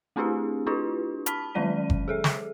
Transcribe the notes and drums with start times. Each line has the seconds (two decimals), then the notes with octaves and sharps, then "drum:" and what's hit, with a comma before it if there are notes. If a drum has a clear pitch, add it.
0.16 A3 C4 D4 E4 G4 G#4
0.66 D4 E4 F4 G4 B4
1.26 A5 B5 F6 B6, drum: hi-hat
1.55 D#3 F#3 G#3 C#4 D5 D#7
1.90 drum: kick F#1
2.08 G#4 A4 E5
2.24 drum: snare